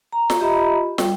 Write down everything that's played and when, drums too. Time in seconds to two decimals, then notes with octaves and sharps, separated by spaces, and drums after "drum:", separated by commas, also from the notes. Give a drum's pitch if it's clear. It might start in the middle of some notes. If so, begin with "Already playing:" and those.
0.13 A#5
0.30 drum: snare
0.40 F4 G4 D#5 E5 A#5 B5
0.98 G3, drum: snare